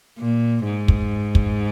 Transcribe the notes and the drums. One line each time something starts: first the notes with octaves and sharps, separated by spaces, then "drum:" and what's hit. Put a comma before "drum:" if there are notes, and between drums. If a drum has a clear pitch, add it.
A#2
G#2
drum: kick
drum: kick